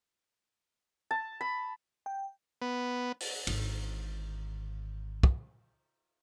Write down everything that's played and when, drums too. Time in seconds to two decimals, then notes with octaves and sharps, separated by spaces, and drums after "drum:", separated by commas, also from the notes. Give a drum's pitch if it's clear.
1.11 A5
1.41 B5
2.06 G5
2.62 B3
3.20 drum: open hi-hat
3.47 G#1 D3, drum: cymbal
5.23 drum: kick